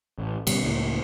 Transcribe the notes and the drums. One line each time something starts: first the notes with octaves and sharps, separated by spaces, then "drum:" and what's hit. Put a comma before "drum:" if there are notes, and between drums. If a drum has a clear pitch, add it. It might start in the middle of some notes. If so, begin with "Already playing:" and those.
A1
G1 B2 G3, drum: cymbal
C#2 A2 F3 A#3